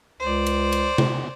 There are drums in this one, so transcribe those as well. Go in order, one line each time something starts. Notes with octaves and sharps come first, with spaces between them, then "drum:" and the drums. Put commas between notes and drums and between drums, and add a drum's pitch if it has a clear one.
C#2 C5 D5
drum: cymbal
drum: cymbal
drum: tom C3